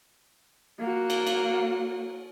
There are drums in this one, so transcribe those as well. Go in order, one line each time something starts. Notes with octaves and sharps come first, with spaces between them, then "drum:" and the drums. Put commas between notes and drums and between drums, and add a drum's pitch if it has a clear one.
A#3 F#4
drum: cymbal
drum: cymbal